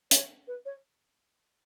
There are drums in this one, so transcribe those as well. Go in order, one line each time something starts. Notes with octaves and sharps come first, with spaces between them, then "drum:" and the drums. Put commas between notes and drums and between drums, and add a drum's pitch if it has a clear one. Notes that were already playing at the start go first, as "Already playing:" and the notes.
C#5, drum: hi-hat
B4
C#5